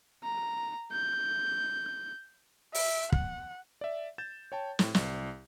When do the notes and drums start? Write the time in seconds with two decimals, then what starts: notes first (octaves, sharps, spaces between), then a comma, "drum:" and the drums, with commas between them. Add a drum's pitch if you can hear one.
0.24 A#5
0.93 G6
2.75 E5, drum: open hi-hat
3.12 F#5, drum: kick
3.81 D5 E5
4.18 G6 A6 E7
4.52 C#5 G5 A5
4.79 A2, drum: snare
4.95 C2, drum: snare